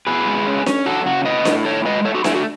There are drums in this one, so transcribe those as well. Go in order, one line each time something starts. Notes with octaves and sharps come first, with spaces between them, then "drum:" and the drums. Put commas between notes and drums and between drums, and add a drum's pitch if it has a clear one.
B2 G#4 B4
G#3
C#4
C#4, drum: snare D4
F#3 F#4 A4
C#3 F#4
A2 B4 D#5
A2, drum: snare D4
D#3 A4 C#5
G#3 B4 D#5
A3 A4 C#5
F#4 A4
A3 E4 G#4, drum: snare D4
F#4